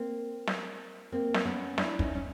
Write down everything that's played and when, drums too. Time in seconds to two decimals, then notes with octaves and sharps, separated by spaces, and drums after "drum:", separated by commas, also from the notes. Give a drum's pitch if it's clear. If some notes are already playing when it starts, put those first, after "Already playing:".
Already playing: A#3 C4
0.47 drum: snare
1.12 A#3 C4
1.34 drum: snare
1.45 B3 C#4
1.78 D4 E4, drum: snare
1.99 C#4 D#4, drum: kick
2.15 C#4